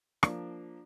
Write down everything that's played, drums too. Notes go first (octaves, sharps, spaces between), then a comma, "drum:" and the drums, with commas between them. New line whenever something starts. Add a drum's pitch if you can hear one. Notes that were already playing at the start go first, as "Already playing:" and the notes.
F3 A#3 D4, drum: rim click